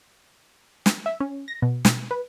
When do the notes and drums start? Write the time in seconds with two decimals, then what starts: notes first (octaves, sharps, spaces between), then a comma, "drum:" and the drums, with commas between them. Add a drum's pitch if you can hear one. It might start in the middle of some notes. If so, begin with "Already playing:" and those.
0.86 drum: snare
1.06 E5
1.20 C#4
1.48 A#6
1.62 B2
1.85 B2, drum: snare
2.11 B4